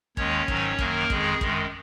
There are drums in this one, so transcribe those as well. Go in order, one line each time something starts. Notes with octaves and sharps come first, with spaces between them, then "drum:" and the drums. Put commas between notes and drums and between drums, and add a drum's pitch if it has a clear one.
D#2 D#3 G#3 C#4 C#5, drum: kick
G#2 D#3 F#3, drum: kick
F#2 D#3 F#3 A#3 A#4, drum: kick
F2 D#3 G#3 G#4, drum: kick
F#2 D#3 G#3, drum: kick